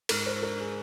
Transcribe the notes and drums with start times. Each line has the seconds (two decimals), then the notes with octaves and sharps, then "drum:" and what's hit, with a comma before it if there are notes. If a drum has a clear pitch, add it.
0.09 G#2 A#4, drum: cymbal
0.26 C5
0.42 D4 A#4
0.60 G#4